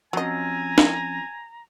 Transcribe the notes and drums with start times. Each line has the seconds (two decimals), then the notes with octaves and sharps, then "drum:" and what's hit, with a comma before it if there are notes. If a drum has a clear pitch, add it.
0.13 F3 F#3 C4 C#4 D#5 G#5 A#5
0.78 drum: snare